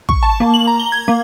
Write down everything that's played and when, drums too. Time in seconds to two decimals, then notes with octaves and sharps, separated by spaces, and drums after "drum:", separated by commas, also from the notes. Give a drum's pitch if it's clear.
0.09 C#6, drum: kick
0.23 A5
0.40 A#3
0.54 F#7
0.67 A#5
0.80 G7
0.92 G#6
1.08 A#3